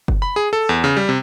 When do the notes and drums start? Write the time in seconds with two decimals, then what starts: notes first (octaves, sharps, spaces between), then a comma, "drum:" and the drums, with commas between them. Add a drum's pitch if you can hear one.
0.08 drum: kick F#1
0.22 B5
0.36 G#4
0.53 A4
0.69 E2
0.84 C#3
0.97 G3
1.09 C3